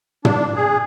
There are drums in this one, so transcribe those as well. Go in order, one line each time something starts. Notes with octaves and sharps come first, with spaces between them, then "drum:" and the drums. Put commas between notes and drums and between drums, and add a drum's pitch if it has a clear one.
D4, drum: tom
G#4